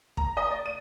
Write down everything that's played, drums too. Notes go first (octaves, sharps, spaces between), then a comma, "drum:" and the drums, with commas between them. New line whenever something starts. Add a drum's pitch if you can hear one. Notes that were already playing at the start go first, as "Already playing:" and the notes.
A#5, drum: kick
D#5
D5
D#7